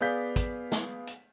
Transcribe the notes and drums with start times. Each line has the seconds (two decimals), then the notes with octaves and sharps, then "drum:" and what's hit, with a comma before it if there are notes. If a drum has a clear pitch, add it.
0.01 B3 G#4 D5 F5 G6 B6
0.36 drum: kick, hi-hat
0.72 drum: snare
1.07 drum: hi-hat